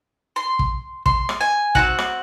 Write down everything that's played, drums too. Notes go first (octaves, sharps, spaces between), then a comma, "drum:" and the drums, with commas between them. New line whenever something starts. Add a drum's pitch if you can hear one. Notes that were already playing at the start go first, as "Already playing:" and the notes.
C6
drum: kick
C6, drum: kick
drum: rim click
G#5
C4 D#4 F#4 F#5, drum: kick
drum: rim click